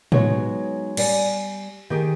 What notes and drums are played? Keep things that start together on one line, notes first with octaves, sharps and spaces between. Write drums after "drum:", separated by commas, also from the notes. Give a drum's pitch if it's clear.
F#3 G#3 B3 D#4 C#5, drum: tom A2
G3 D5 G#5, drum: cymbal
D#3 G4 G#4